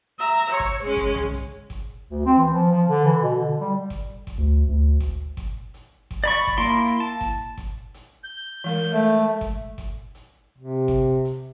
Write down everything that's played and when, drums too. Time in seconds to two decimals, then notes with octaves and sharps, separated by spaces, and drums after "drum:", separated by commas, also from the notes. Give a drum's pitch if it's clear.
0.19 E5 A#5
0.50 C#5
0.60 drum: kick G1
0.84 G#3 C#4
0.96 drum: kick G1, hi-hat
1.15 drum: tom B1
1.33 drum: hi-hat
1.70 drum: kick G1, hi-hat
2.11 D2
2.26 C4
2.38 E3
2.53 F3
2.72 F3
2.88 D3
3.05 E3
3.22 B2
3.35 D3
3.60 G3
3.90 drum: kick G1, hi-hat
4.27 drum: kick G1, hi-hat
4.38 D2
4.69 D2
5.00 drum: kick G1, hi-hat
5.37 drum: kick G1, hi-hat
5.74 drum: hi-hat
6.11 drum: kick G1, hi-hat
6.24 D5 B5 C#6
6.47 drum: kick G1, hi-hat
6.58 A#3 E4 C6
6.84 drum: hi-hat
7.00 A5
7.21 drum: kick G1, hi-hat
7.58 drum: kick G1, hi-hat
7.94 drum: hi-hat
8.24 G6
8.64 E3 G#3 A#4
8.93 G#3 A3
9.04 drum: hi-hat
9.41 drum: kick G1, hi-hat
9.78 drum: kick G1, hi-hat
10.15 drum: hi-hat
10.58 C3
10.88 drum: kick G1, hi-hat
11.25 drum: hi-hat